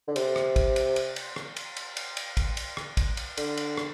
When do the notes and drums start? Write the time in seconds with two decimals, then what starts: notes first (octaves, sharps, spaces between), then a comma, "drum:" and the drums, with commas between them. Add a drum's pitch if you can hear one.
0.08 D3
0.16 C3, drum: cymbal
0.36 drum: rim click
0.56 drum: kick, cymbal
0.76 drum: cymbal
0.96 drum: cymbal
1.16 drum: cymbal
1.36 drum: rim click
1.56 drum: cymbal
1.77 drum: cymbal
1.97 drum: cymbal
2.17 drum: cymbal
2.37 drum: kick, cymbal
2.57 drum: cymbal
2.77 drum: rim click
2.97 drum: kick, cymbal
3.17 drum: cymbal
3.37 D3, drum: cymbal
3.57 drum: cymbal
3.78 drum: rim click